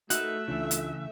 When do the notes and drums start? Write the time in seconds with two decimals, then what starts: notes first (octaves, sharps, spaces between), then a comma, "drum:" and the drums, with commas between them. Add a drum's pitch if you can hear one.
0.10 A3 D#4 F#4 A#4 B4 E5 F#6, drum: hi-hat
0.48 C#2 C#3 E3 D4 F4
0.71 drum: hi-hat